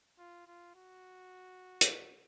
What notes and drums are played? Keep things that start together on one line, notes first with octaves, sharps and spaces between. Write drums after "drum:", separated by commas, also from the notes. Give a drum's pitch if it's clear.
F4
F4
F#4
drum: hi-hat